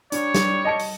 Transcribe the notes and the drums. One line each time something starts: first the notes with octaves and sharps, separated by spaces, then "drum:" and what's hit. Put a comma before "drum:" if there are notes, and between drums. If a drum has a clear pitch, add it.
G3 D4 C#5, drum: hi-hat
drum: snare
D#5 A5 C#7
drum: open hi-hat